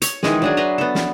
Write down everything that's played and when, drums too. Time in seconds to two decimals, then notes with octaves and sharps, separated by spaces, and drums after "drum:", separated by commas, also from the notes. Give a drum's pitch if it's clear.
0.02 C#5, drum: hi-hat
0.23 D#3 E3 G#3 G#4, drum: snare
0.42 F#3 D4 G#4
0.57 B4 E5 A#5 C6
0.78 B3 A4
0.95 drum: snare